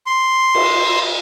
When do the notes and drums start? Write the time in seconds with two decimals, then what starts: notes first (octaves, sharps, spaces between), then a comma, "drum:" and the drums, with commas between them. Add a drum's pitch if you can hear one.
0.06 C6
0.55 drum: cymbal